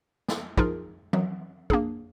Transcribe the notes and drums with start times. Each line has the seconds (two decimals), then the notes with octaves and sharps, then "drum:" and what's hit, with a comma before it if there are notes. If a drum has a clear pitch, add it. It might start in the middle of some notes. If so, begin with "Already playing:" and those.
0.28 drum: snare
0.58 F3 D#4 F4 G#4 A#4, drum: kick
1.13 F#3, drum: tom E3
1.70 A#3 D4 G#4, drum: kick